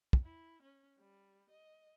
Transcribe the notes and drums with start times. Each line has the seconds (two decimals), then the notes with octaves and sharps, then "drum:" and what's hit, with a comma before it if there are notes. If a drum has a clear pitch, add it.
0.13 drum: kick
0.23 E4
0.63 C#4
0.99 G3
1.50 D#5